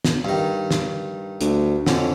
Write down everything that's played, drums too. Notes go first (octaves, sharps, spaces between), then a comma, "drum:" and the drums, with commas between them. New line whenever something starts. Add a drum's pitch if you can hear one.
drum: snare
G2 D#3
drum: snare
D2, drum: hi-hat
F2 D3 C#4 D4, drum: snare